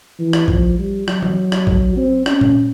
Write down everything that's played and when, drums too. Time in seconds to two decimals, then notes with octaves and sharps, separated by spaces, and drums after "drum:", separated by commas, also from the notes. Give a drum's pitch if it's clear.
0.19 E3
0.33 drum: rim click
0.48 F3, drum: kick
0.78 G3
1.08 F#3, drum: rim click
1.22 drum: tom
1.52 drum: rim click
1.67 drum: kick
1.97 C4
2.26 C#4, drum: rim click
2.41 drum: tom A#2